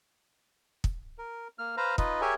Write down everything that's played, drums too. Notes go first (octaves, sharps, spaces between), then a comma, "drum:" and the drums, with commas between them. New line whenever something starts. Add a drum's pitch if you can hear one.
drum: kick
A#4
A#3 F6
B4 C5 F5 A#5
D#4 F4 B4 D#5, drum: kick
G4 G#4 A#4 C#5 E5 G#5